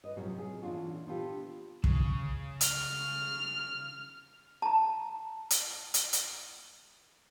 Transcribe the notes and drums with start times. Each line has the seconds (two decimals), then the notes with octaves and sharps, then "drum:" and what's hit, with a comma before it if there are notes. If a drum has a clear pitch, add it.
0.04 B4 D#5
0.16 A2 C3 F3 F#3 C#4 F#4
0.38 G#4
0.62 A#2 E3 C#4 D4 F4 F#4
1.07 B3 D4 F4 G4 A4
1.84 C#3, drum: kick
2.61 F6, drum: hi-hat
4.62 A5 A#5
5.50 drum: hi-hat
5.94 drum: hi-hat
6.13 drum: hi-hat